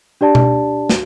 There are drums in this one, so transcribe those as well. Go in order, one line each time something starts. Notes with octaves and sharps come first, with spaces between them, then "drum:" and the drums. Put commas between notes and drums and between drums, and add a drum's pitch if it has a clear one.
D4 G4 D5 A5
drum: tom B2
F#4, drum: snare